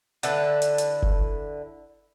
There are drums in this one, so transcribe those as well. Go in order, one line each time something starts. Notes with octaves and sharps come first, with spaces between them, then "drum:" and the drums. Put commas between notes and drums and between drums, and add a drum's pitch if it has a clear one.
D3 E4 A4 B4, drum: hi-hat
drum: hi-hat
drum: hi-hat
drum: kick F#1